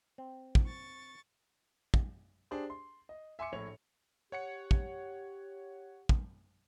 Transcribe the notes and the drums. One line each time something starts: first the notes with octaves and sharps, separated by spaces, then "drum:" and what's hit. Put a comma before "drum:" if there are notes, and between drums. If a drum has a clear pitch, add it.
C4
drum: kick
C#6 A6
drum: kick
D4 G4 G#4 C5
C6
D#5
E5 G#5 C6 D6 C#7
A#1 A2 C#5 F7
G4 C#5 F#5 C#7
drum: kick
drum: kick